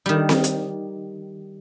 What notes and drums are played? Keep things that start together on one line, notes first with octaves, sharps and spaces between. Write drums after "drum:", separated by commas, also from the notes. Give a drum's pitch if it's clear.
D#3 G3
drum: snare C4
drum: hi-hat